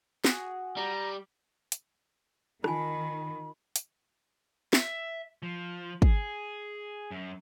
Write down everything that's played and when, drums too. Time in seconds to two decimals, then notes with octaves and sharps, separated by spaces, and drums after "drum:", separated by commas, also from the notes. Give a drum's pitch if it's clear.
0.25 F#4 G#4, drum: snare
0.77 G3 A#5
1.72 drum: hi-hat
2.64 D#3 D#4 F4 G#5 B5, drum: rim click
3.76 drum: hi-hat
4.73 E5, drum: snare
5.43 F3
6.02 G#4, drum: kick
7.11 F#2